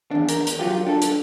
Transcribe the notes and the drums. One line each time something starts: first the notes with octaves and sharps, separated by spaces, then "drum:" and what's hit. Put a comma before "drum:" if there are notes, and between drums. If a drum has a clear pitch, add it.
E2 D4
A#4, drum: hi-hat
drum: hi-hat
F#3 F4 G4
D4 A4
drum: hi-hat